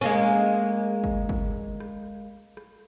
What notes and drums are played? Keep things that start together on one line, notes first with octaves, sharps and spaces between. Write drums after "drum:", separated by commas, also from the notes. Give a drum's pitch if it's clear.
G#3 A#3 C#4
drum: kick
drum: kick
drum: rim click
drum: rim click